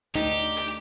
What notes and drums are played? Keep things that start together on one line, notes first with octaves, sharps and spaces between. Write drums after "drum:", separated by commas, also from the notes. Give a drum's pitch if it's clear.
D2 D#4 G4, drum: hi-hat
drum: hi-hat